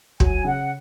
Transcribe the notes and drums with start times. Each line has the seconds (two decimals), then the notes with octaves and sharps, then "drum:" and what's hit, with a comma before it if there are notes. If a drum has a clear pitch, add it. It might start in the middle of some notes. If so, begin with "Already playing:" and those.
0.20 F#3 G#5, drum: kick
0.44 C#3 F#5